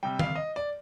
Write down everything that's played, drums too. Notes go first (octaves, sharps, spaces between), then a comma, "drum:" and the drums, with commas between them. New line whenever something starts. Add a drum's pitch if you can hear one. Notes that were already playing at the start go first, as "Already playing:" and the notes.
C3 G3 G5
F5, drum: tom
D#5
D5